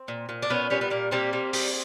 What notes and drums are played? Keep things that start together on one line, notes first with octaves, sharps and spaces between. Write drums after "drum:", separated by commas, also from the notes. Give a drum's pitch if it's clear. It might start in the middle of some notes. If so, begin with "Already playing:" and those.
Already playing: C4
A#2
A#2
D4
A#2 B3 C#4
G3 B3 C#4
B3
A#2 A#3
G3 A#3 C4
G3
G3, drum: open hi-hat